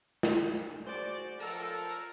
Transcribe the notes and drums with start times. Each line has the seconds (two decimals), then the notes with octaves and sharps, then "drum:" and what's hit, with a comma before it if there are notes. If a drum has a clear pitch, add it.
0.23 drum: snare
0.86 F#4 G#4 C5 D5
1.40 F3 A4 A#4, drum: open hi-hat